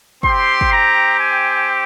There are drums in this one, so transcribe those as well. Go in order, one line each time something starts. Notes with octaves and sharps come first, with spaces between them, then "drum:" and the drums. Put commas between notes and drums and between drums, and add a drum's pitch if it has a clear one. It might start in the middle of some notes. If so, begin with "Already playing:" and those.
C4 G4 C6, drum: kick
drum: kick
A#5
G#5